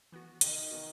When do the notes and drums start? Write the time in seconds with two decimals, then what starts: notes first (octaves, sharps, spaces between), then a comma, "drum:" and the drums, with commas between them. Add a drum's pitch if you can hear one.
0.12 E3 B3 F#4
0.41 C3 D#3, drum: hi-hat
0.71 E3 B3 F#4